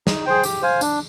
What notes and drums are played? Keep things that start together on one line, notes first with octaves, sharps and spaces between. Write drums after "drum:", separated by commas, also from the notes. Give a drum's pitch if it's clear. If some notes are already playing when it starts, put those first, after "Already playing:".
D#4, drum: snare
G#4 C5 G5
G4, drum: tambourine
C5 F5 G#5
D4, drum: tambourine